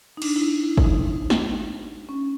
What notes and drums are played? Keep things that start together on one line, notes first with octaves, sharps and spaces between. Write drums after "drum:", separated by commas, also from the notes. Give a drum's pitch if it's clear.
D#4
D4, drum: cymbal
E4
D#4
E4
E4, drum: kick
D#4
drum: snare
C#4